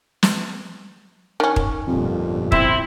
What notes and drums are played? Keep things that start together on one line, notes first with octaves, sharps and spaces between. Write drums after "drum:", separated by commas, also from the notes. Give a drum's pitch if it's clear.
drum: snare
D#3 C#4
drum: kick
G1 F2 A#2
C4 E4, drum: kick